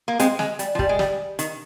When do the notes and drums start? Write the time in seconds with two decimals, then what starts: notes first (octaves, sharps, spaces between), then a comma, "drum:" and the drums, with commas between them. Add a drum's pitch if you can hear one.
0.08 A#3
0.19 G#3 C4, drum: hi-hat
0.39 G#3, drum: snare
0.59 G3, drum: hi-hat
0.75 F3
0.79 G3, drum: kick
0.89 G#3
0.99 G3, drum: snare
1.39 D#3, drum: hi-hat